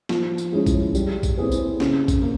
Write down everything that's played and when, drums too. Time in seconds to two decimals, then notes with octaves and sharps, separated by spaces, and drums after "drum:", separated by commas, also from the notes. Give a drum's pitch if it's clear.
0.09 F3, drum: snare
0.38 drum: tambourine
0.52 G#3 C#4 E4 G#4
0.66 drum: kick A#1, tambourine
0.95 G3, drum: tambourine
1.23 drum: kick A#1, tambourine
1.38 C4 E4 G#4 B4
1.52 drum: tambourine
1.80 C#3, drum: snare
2.08 drum: kick A#1, tambourine
2.22 A#3